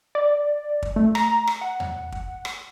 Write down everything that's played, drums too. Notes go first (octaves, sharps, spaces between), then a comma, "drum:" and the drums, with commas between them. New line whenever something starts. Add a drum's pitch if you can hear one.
D5
drum: kick
A3
A#5, drum: rim click
drum: rim click
F#5
drum: tom E2
drum: kick
drum: rim click